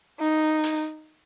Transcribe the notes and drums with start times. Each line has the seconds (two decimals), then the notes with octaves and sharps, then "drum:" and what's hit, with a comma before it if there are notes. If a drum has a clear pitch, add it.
0.20 D#4
0.64 drum: open hi-hat